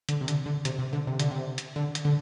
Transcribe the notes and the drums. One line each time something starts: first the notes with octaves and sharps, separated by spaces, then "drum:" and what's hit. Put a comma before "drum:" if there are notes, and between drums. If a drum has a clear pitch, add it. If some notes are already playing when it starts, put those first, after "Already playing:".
D3, drum: hi-hat
C3
D3, drum: hi-hat
D3
C3, drum: hi-hat
C3
D3
C3
D3, drum: hi-hat
C3
drum: hi-hat
D3
drum: hi-hat
D3